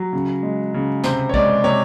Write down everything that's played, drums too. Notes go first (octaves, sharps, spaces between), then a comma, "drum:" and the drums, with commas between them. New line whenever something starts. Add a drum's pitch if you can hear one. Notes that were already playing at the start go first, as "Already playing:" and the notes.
Already playing: F#3
C#3
G#3
C#3
C3 C5, drum: snare
C#5
G#3 D5, drum: kick A#1
C3 C#5